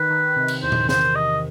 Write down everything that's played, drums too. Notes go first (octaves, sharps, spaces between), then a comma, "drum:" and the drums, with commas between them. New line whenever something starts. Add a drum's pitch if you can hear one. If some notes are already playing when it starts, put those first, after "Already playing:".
Already playing: D#3 B4
D#3
C3
drum: cymbal
E2 C5
drum: tom A#2
E2 C5, drum: snare
C3 D#5